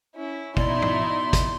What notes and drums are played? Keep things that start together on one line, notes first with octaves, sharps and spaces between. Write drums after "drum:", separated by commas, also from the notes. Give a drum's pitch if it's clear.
C#4 E4
B2 D#4 E4 D5 C6, drum: kick
drum: tom
drum: kick, hi-hat